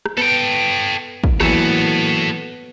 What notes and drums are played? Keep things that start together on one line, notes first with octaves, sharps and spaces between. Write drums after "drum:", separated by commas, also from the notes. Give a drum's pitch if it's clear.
drum: rim click
B3 A4 G5
drum: kick
A#2 E3 F#3 B3 A4 C#5, drum: rim click